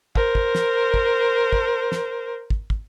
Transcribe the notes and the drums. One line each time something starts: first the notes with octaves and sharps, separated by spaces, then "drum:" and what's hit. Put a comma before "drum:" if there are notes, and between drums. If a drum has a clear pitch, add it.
A#4 C5, drum: kick
drum: kick
drum: snare
drum: kick
drum: kick
drum: snare
drum: kick
drum: kick